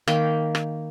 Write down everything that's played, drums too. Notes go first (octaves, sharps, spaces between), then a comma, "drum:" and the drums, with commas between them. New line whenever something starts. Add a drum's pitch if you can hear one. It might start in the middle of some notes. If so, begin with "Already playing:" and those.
D#3 A#3 G5 B5, drum: rim click
drum: rim click